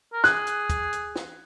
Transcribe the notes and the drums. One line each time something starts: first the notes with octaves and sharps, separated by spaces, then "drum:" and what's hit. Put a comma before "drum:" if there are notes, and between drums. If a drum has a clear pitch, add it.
A#4
G#4 F#6, drum: snare
drum: hi-hat
drum: kick, hi-hat
drum: hi-hat
drum: snare